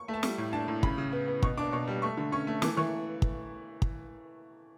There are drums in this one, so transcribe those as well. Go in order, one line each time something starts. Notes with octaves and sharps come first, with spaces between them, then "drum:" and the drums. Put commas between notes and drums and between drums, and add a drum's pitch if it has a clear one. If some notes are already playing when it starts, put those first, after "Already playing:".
Already playing: C#6
A3
A5
G3, drum: snare
A2
D4 A5
A2
C#3 B5, drum: kick
C#3
B3
B3
B2 C#6, drum: kick
D4 D6
B2 C#6
G3
A3 C#6
D3
C#4 C#6
A3
E3 D6, drum: snare
E3 C#6
drum: kick
drum: kick